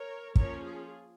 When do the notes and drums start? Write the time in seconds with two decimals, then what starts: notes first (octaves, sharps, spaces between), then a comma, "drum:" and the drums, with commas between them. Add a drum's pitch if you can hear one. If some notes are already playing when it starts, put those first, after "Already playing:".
Already playing: A#4 C#5
0.36 F3 A#3 C#4 A#4 C#5, drum: kick
0.64 F4 G#4